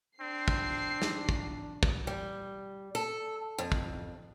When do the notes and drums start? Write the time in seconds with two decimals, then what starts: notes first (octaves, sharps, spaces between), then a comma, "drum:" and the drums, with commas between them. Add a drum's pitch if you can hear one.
0.21 C4 D4 C7
0.48 drum: kick
1.02 drum: snare
1.29 drum: kick
1.83 drum: kick
2.07 G3
2.95 A4
3.58 F2
3.72 drum: kick